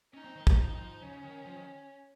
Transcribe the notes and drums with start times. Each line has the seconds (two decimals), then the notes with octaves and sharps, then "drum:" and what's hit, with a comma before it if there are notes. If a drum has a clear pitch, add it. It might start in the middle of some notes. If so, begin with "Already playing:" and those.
0.14 C#4 D#4
0.25 C4
0.36 D#3
0.47 D#3, drum: kick
0.58 F3
0.70 D#3
0.79 F3
1.01 C#3 C#4
1.24 D#3
1.46 F3
1.56 D#3